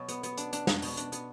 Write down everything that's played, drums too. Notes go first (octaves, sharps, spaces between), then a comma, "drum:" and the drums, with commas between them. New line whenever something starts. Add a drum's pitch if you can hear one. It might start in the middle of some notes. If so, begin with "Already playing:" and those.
Already playing: B2 F#3
B3, drum: hi-hat
B3, drum: hi-hat
D4, drum: hi-hat
D4, drum: hi-hat
D4, drum: snare
B2, drum: open hi-hat
D4, drum: hi-hat
B3, drum: hi-hat